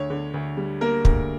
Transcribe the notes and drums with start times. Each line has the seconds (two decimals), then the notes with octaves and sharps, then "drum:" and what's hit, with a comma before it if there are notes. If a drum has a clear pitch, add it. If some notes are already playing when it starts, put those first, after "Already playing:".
Already playing: D2 C#5
0.10 D3
0.34 D2
0.57 G3
0.81 A#3 A#4
1.05 D2, drum: kick